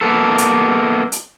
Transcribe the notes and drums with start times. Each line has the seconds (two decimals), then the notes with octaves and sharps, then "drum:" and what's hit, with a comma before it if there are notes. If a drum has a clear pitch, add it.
0.01 A#3 B3 A4
0.38 drum: hi-hat
1.12 drum: hi-hat